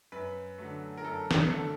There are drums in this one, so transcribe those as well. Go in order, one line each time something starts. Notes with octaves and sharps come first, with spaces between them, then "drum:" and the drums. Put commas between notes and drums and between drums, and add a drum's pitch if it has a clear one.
F#2 B4
D3 F#3 A3
A#4
F#2 A4
drum: snare
D3 F#3 A3 A4